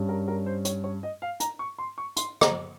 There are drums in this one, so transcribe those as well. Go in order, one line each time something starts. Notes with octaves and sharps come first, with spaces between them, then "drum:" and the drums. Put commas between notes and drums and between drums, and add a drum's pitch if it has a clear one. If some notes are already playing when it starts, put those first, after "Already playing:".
Already playing: G2 G3 C#4
A#4
A#4
C5
C#5, drum: hi-hat
C#5
D#5
F5
A#5, drum: hi-hat
C#6
C6
C#6
C6, drum: hi-hat
A#5, drum: rim click